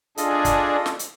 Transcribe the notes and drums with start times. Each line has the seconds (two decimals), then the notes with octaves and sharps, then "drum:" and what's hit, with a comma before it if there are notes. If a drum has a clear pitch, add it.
0.17 D4 F4 G#4 A4 D#5, drum: hi-hat
0.45 drum: kick, hi-hat
0.86 drum: snare
0.99 drum: hi-hat